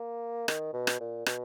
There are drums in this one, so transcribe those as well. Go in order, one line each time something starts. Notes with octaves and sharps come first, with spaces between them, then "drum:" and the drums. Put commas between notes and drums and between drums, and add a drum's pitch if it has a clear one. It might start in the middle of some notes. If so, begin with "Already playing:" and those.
Already playing: A#3
D#3, drum: rim click
B2
drum: rim click
A#2
B2, drum: rim click